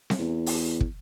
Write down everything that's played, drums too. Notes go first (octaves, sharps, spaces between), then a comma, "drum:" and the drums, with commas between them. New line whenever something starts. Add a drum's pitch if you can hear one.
drum: snare C4
E2
drum: open hi-hat
drum: kick